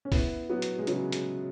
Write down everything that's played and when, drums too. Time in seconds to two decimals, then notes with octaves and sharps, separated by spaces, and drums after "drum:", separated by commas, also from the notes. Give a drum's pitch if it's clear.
0.05 C#4
0.12 B3 E4, drum: kick, open hi-hat
0.50 F#3 B3
0.62 drum: hi-hat
0.79 G#3
0.87 C#3 F#3, drum: hi-hat
1.12 drum: hi-hat